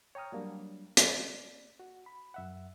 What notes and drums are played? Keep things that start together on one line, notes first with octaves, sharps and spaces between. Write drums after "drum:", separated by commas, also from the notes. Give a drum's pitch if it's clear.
C#5 G5 A#5 D#6 F6
F#3 G3 A#3 D4
A#3 D5, drum: hi-hat
F#4
B5
F#2 E5 F#5